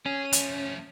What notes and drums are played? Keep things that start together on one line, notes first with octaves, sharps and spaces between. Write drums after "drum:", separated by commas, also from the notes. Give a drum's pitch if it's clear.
C#4 G#4
F3 A3, drum: hi-hat